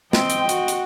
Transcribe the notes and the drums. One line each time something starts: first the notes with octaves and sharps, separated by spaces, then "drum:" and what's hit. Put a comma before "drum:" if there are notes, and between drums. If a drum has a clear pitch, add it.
C4 D#5 G5, drum: snare
drum: hi-hat
F#4, drum: hi-hat
drum: hi-hat